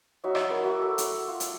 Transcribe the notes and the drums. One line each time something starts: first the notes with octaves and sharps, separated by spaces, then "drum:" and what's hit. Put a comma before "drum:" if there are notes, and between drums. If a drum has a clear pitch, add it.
F#3 D#4 F#4 E5
drum: rim click
E4 A#4 C#5
F#4 E5 C#6 D6
A4
E6, drum: hi-hat
F4
drum: hi-hat